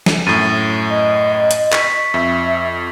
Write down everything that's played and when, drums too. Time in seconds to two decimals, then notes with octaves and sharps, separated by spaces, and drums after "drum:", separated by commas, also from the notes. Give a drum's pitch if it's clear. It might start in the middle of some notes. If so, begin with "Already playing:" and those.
0.06 drum: snare
0.26 F#2 A2 A6 D#7
0.90 D#5
1.51 drum: hi-hat
1.72 C#6 B6 C#7, drum: clap
2.14 F2 E5